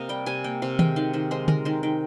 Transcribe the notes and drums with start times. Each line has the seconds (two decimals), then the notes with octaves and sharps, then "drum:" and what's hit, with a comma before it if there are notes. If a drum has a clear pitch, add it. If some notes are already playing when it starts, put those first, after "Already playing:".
Already playing: C3 A#3 D#5 F5
0.09 G3 G5
0.26 C3 G#5
0.44 A#3 G5
0.62 C3 F5
0.79 G#3 G5, drum: tom D#3
0.96 D#3 F5
1.13 D#3 C5
1.31 G#3 C5
1.48 G#3 A#4, drum: tom D3
1.65 D#3 C5
1.83 D#3 G5